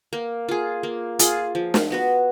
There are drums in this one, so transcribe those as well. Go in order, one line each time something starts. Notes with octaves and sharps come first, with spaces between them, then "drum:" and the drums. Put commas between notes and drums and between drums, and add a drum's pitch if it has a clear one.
A#3
F4 G#4
A#3
F4 G#4, drum: hi-hat
F3
drum: snare
B3 F#4 B4